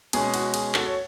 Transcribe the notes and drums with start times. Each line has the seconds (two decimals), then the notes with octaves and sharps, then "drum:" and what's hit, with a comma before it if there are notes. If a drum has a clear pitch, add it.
0.13 B2 G#3 C#4 G#4, drum: cymbal
0.34 F#4, drum: cymbal
0.54 G#4, drum: cymbal
0.74 F#4 A4, drum: clap
0.86 C#5